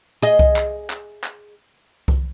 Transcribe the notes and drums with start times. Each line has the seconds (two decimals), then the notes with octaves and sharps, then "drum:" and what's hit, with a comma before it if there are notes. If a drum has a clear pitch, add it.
0.22 G#4 D#5
0.39 drum: kick C2
0.56 drum: clap
0.90 drum: clap
1.24 drum: clap
2.08 drum: kick C2